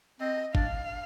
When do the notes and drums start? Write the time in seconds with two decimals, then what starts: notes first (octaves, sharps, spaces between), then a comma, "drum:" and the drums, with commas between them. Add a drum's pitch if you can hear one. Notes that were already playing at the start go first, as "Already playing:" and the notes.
0.21 C4 D#5
0.55 D4 F5, drum: kick G1